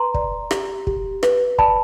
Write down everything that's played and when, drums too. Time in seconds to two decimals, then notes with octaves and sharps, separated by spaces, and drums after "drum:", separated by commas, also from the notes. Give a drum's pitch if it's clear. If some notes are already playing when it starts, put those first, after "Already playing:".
Already playing: B4 A#5 C6
0.14 D5, drum: kick
0.51 G4, drum: rim click
0.87 G4, drum: kick
1.23 B4, drum: rim click
1.58 D5 A5 B5, drum: kick